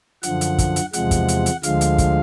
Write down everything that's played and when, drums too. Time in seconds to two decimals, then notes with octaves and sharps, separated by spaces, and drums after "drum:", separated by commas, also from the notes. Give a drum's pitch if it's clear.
0.23 F#2 D3 F3 F#5, drum: hi-hat
0.41 drum: hi-hat
0.58 drum: kick, hi-hat
0.76 drum: hi-hat
0.93 E2 C3 F3 G#3 F#5, drum: hi-hat
1.11 drum: kick, hi-hat
1.28 drum: hi-hat
1.46 drum: hi-hat
1.63 D2 D3 F3 G#3 F5, drum: hi-hat
1.81 drum: hi-hat
1.98 drum: kick, hi-hat